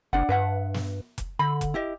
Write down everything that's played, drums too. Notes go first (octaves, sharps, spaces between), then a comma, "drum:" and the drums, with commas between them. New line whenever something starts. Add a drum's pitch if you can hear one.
F#1 D4 D5 F#5
G2 B4 E5 F#5
drum: snare
drum: kick F1, hi-hat
D3 B5
drum: kick F1, hi-hat
E4 G4 D#5